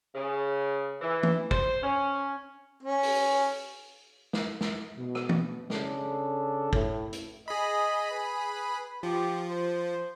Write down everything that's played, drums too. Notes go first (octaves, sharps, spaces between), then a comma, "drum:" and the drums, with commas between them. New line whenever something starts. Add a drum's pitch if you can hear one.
C#3
E3
drum: tom
C5, drum: kick
C#4
C#4
drum: open hi-hat
drum: snare
drum: snare
B2
drum: rim click
drum: tom
C#3 D4 A4, drum: snare
A2, drum: kick
drum: hi-hat
G#4 D#5 B5
B4
F3 G4
C5